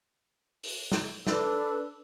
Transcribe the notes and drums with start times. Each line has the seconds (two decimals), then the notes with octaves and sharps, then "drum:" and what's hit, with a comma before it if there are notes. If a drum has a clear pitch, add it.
0.63 drum: open hi-hat
0.92 drum: snare
1.27 D4 A4 B4 E6, drum: snare